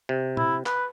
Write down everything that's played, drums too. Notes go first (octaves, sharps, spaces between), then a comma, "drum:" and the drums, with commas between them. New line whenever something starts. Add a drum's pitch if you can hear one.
C3
E4, drum: tom
B4, drum: clap